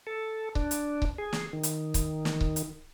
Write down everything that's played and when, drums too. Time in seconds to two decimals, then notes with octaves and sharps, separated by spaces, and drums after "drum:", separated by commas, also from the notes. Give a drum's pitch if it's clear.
0.07 A4
0.55 D4, drum: kick C#1
0.71 drum: hi-hat
1.02 drum: kick C#1
1.18 G#4
1.32 drum: snare
1.53 D#3
1.63 drum: hi-hat
1.94 drum: kick C#1, hi-hat
2.25 drum: snare
2.41 drum: kick C#1
2.56 drum: hi-hat